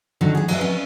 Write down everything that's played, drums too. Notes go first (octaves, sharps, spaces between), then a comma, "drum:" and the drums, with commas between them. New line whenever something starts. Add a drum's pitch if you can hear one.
D3 D#3 F#3 F#4
A2 G#4
F#3 E5, drum: cymbal
C#4